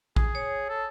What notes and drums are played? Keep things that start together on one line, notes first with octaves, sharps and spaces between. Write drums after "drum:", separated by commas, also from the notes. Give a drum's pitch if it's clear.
G#4, drum: kick
C#5
A4